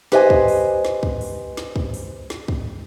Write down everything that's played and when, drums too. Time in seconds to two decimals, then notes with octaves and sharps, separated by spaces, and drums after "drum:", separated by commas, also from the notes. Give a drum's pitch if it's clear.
0.12 G4 B4 C5 D#5 G5 G#5, drum: snare
0.30 drum: kick
0.48 drum: open hi-hat
0.85 drum: snare
1.03 drum: kick
1.21 drum: open hi-hat
1.57 drum: snare
1.76 drum: kick
1.94 drum: open hi-hat
2.30 drum: snare
2.48 drum: kick